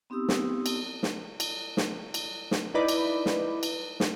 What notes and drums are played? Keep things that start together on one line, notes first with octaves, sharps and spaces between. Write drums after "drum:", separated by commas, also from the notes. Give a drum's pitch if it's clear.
B3 C4 D#4 G4 D#6 E6
drum: snare
drum: cymbal
drum: snare
drum: cymbal
drum: snare
drum: cymbal
drum: snare
D#4 E4 B4 D5 B5
drum: cymbal
drum: snare
drum: cymbal
drum: snare